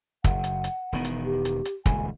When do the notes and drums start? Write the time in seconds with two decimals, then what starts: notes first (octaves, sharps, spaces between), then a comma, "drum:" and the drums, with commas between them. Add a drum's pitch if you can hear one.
0.24 F#1 F#5, drum: kick, hi-hat
0.44 drum: hi-hat
0.64 drum: hi-hat
0.92 E1 D#3 B3
1.05 drum: hi-hat
1.25 G4
1.45 drum: hi-hat
1.65 drum: hi-hat
1.86 D#1 C#2 G#5, drum: kick, hi-hat